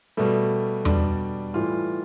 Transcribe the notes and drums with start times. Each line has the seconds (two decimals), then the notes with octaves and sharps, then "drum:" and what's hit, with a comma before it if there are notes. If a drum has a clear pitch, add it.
0.17 B2 G3 A3
0.85 B2 G3 D4, drum: tom E2
1.54 A2 E3 G3 F4